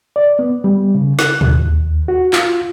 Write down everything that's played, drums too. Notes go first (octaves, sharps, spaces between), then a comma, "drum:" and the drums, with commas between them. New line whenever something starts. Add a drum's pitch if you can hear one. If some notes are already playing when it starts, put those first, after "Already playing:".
D5
B3
G3
C#3
F#6, drum: snare
D#2, drum: tom
F#4
F4, drum: clap